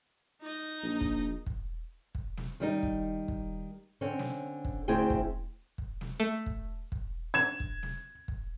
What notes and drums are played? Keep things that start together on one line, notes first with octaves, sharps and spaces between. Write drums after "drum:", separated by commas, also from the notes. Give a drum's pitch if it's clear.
D#4 D#5
A#1
drum: kick
drum: kick
drum: kick
drum: snare
D#3 G3 D#4
drum: kick
drum: kick
D3 C4 C#4
drum: snare
drum: kick
D2 C4 E4 G#4 G5
drum: kick
drum: kick
drum: snare
A3
drum: kick
drum: kick
G#6 E7
drum: kick
drum: snare
drum: kick